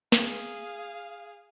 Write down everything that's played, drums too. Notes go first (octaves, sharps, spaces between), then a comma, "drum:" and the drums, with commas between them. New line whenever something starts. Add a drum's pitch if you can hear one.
G#4 F5, drum: snare